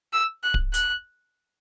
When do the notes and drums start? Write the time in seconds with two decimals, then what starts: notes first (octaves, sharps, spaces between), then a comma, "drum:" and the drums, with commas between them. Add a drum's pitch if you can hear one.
0.13 E6
0.43 F#6
0.54 drum: kick D1
0.74 F#6, drum: hi-hat